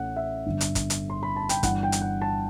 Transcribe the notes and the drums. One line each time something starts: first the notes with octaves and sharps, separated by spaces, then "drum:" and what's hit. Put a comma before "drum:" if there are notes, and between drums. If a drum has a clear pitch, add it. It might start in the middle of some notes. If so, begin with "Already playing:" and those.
Already playing: A1 A2 E3 F#5
E5
G1 G2 D3
drum: hi-hat
drum: kick, hi-hat
drum: hi-hat
C6
B5
A5
G5, drum: hi-hat
G1 G2 E3 F#5, drum: kick, hi-hat
G5
drum: hi-hat
F#5
A5